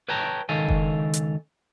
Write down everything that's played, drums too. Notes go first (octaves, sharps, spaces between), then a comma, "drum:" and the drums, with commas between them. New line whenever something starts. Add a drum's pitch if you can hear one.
B4 C#5 G5 A5 A#5
C#2 D#3 A4 F5 G#5
drum: kick F#1
drum: hi-hat